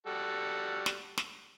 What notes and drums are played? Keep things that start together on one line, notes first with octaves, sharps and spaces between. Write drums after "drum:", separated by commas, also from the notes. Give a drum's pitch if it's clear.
G3 F#4 A4
drum: snare
drum: snare